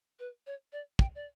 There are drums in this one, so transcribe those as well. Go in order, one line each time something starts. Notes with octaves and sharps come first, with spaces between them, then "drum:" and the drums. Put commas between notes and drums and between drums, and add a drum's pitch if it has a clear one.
B4
C#5
D5
G5, drum: kick
D5